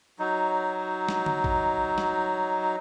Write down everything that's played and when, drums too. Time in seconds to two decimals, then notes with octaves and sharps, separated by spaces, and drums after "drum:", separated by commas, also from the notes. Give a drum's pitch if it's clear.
0.19 F#3 D#4
1.08 drum: snare
1.26 drum: tom D3
1.44 drum: kick A1
1.98 drum: snare